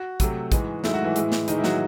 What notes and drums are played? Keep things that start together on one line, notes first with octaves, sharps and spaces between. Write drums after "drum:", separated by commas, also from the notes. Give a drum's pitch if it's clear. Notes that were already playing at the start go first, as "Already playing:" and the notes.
Already playing: F#4
C3 F#3 A3, drum: kick, hi-hat
G#2 E3 G#3, drum: kick, hi-hat
G#2 D#3 F#3 A3 E4, drum: snare
F#4
E3 E4
A2 G#3, drum: hi-hat
drum: snare
A2 D#3 E3 G#3 D#4, drum: hi-hat
E4
F#3 F#4, drum: snare